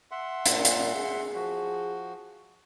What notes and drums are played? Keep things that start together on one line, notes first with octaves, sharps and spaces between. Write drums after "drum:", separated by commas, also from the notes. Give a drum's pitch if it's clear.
E5 F#5 C6
A#2, drum: hi-hat
drum: hi-hat
G#4
F3 F#4